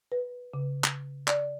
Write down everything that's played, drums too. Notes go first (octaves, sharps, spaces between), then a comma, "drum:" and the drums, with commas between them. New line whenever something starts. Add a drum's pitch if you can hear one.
B4
C#3
drum: clap
D5, drum: clap